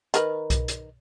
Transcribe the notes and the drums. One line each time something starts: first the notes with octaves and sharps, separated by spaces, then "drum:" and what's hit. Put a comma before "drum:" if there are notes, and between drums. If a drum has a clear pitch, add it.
D#3 A#4 B4, drum: hi-hat
drum: kick B1, hi-hat
drum: hi-hat